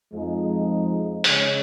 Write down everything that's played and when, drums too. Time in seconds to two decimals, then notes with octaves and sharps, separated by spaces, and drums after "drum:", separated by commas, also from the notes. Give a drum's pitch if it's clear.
0.11 F2 F3 G#3 D#4
1.24 C#3 G#3 C#4, drum: open hi-hat